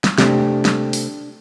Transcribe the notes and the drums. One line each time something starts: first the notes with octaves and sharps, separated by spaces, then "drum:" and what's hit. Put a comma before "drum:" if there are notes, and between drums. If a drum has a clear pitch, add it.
drum: snare
C3 A3 C4 D4 G4, drum: snare
drum: snare
drum: open hi-hat